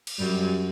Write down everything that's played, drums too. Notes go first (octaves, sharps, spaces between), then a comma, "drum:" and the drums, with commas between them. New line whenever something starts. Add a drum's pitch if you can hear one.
drum: cymbal
F#2 G3